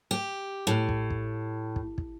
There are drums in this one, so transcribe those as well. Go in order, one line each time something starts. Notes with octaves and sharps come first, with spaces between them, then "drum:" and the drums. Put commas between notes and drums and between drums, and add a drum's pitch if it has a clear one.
G4
A2
drum: kick
drum: kick
drum: kick
drum: kick